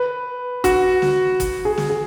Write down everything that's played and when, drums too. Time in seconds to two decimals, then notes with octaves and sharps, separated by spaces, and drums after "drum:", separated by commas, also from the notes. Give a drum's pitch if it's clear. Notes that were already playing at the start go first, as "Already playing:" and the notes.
Already playing: B4
0.64 F#4, drum: kick, hi-hat
1.02 drum: snare
1.40 drum: kick, hi-hat
1.65 G#4
1.78 drum: snare
1.90 G#4